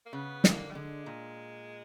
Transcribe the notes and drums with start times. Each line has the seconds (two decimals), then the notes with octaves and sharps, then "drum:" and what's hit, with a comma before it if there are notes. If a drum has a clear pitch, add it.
0.06 A#3
0.13 C#3 B3
0.44 D3 A#3, drum: snare
0.71 G3
0.75 D3 G#3
1.06 A#2